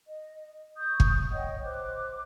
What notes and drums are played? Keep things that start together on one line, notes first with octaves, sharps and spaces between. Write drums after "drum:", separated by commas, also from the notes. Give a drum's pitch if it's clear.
D#5
C#6 D#6 G6
drum: kick
C#5 D#5 F#5 G5
C5 D6 F#6